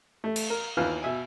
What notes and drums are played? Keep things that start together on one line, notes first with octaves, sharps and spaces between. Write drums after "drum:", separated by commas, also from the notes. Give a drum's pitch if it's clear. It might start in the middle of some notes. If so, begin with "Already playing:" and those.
A3
drum: cymbal
A#4
D#2 E3 F4 B4 F6
B2 E5 G#5